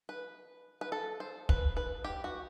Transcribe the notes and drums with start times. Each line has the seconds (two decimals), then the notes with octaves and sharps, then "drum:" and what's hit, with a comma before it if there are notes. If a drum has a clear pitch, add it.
0.09 B4
0.81 B4
0.92 A4
1.20 C5
1.49 B4, drum: kick
1.77 B4
2.04 G4
2.24 F#4